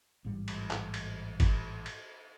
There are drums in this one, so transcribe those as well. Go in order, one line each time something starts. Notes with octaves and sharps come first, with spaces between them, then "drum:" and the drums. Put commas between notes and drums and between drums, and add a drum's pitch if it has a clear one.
A1 G#2 G3
drum: cymbal
drum: clap
drum: cymbal
drum: kick, cymbal
drum: cymbal